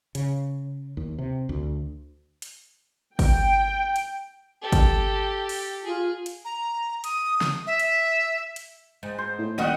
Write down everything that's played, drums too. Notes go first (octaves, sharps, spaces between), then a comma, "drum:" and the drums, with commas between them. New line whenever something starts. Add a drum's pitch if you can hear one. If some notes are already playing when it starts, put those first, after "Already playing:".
C#3, drum: hi-hat
D#2
C3
D2
drum: hi-hat
G5, drum: kick, open hi-hat
drum: hi-hat
G4 A4
drum: kick, hi-hat
drum: open hi-hat
F4 G#4
drum: hi-hat
A#5
D#6, drum: hi-hat
drum: snare
E5
drum: hi-hat
drum: hi-hat
G#2
C5
A2
D#1 D#3 G3 F#4 D#5 F#5